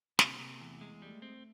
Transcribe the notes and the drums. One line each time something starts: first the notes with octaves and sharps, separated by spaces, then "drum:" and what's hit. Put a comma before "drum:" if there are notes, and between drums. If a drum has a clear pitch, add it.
C3 A#3, drum: snare
C3
E2 A3
G#3
G3 A3
C4